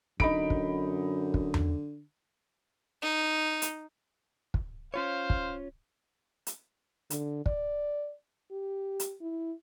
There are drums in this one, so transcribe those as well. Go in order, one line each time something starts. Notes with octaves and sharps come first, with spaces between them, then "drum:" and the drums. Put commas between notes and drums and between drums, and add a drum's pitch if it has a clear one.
F#2 D3 D#4 B5 D7, drum: kick
drum: kick
drum: kick
drum: tom E2
D#4
drum: hi-hat
drum: kick
C#4 F4 C5 C#5 F5
drum: kick
drum: hi-hat
D3, drum: hi-hat
D5, drum: kick
G4
drum: hi-hat
E4